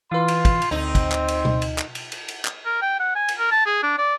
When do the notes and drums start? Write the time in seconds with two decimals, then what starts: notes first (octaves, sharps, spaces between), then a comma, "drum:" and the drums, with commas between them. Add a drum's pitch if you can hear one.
0.12 E3 F4 B4 C6
0.28 drum: cymbal
0.45 drum: kick, cymbal
0.62 drum: cymbal
0.71 D2 C4 D#4
0.95 drum: kick, cymbal
1.12 drum: clap
1.28 drum: cymbal
1.45 drum: tom B2
1.62 drum: cymbal
1.78 drum: clap
1.95 drum: cymbal
2.12 drum: cymbal
2.28 drum: cymbal
2.45 drum: clap
2.65 A#4
2.82 G5
3.00 F#5
3.16 G#5
3.28 drum: cymbal
3.38 A#4
3.51 A5
3.66 G#4
3.83 D4
3.98 D5